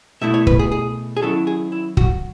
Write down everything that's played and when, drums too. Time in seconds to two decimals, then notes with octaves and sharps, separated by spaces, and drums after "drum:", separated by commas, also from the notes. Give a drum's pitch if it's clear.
0.21 B2 A3 E4 E5
0.34 C#5
0.47 B4, drum: kick
0.59 G#4
0.72 G#4
1.17 G#4
1.21 D#3 F#3 C#4 E4 A4
1.47 G#4
1.72 E4
1.97 F#4, drum: kick